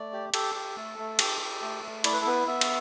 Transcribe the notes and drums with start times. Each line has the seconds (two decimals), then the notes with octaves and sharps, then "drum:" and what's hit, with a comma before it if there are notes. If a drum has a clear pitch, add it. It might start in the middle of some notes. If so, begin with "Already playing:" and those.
Already playing: A3 D5
0.13 G4
0.34 G4 A4, drum: cymbal
0.55 G4
0.77 A3
0.98 A3
1.19 G4, drum: cymbal
1.41 G4
1.62 A3
1.84 A3
2.04 E4 D5, drum: cymbal
2.13 B4
2.21 A4
2.26 B3 B4
2.47 B3 E5
2.61 drum: cymbal